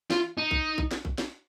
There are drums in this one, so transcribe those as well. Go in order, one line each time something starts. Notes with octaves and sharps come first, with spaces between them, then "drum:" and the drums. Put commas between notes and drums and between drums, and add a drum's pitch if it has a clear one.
F4, drum: snare
D#4
drum: kick A#1
drum: kick A#1
drum: snare
drum: kick A#1
drum: snare